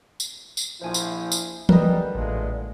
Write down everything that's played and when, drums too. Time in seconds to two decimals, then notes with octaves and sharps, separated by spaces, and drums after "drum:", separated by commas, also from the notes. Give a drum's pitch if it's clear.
0.20 drum: tambourine
0.57 drum: tambourine
0.82 A#1 F3 E4 C5 G#5
0.94 drum: tambourine
1.32 drum: tambourine
1.69 D3 G3 A#4 B4 D#5, drum: tom
2.15 A1 A#2 G#3 A3